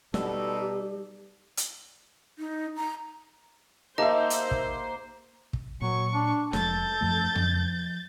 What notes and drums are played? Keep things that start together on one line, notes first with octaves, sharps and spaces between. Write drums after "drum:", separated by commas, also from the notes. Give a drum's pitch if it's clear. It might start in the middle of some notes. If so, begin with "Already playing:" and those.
B2 G3 D#4 G4 A4, drum: snare
drum: hi-hat
D#4
A#5
A#3 D#4 G4 C5 D#5 E5 A5
drum: hi-hat
drum: kick
drum: kick
A#2 F#3 C#6
D4
F1 F3 G#3 A4 G6 A6, drum: snare
F#2 F3 A3
F3, drum: tom F2